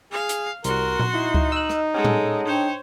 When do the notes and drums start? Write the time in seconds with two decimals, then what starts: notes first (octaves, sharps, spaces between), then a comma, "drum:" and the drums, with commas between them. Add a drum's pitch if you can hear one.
0.12 G#4 F5
0.29 drum: hi-hat
0.64 C2 F#4 A#4 C6, drum: hi-hat
0.99 drum: tom A#2
1.14 D#4 E4
1.34 drum: kick C#2
1.52 D#5 E6 F#6
1.70 drum: rim click
1.94 G#3 C#4 A4 F#5
2.05 drum: tom A2
2.47 D4 C5 C#5 G5